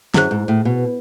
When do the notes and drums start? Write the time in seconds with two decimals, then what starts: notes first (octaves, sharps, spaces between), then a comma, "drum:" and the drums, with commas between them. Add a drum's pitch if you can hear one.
0.14 F#2 E4 G#4 C5, drum: snare
0.31 G#2
0.48 A2
0.65 B2